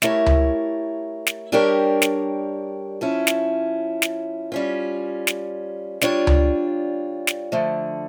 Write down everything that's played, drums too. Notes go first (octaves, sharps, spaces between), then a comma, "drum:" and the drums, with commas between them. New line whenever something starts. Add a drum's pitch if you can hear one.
A3 E4 G4 A#4 C#5, drum: snare
drum: tom C#2
drum: snare
G3 D4 G4 A#4 C#5
drum: snare
F3 C#4 E4
drum: snare
drum: snare
G3 C#4 F4
drum: snare
G3 D4 F4 C#5, drum: snare
drum: tom C#2
drum: snare
D3 F3 A3